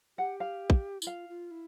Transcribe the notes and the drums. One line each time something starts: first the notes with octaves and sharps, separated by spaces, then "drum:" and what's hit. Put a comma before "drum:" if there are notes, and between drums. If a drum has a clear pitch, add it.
G4 F#5
F5
drum: kick
E4, drum: tambourine
F4 F5
F4
E4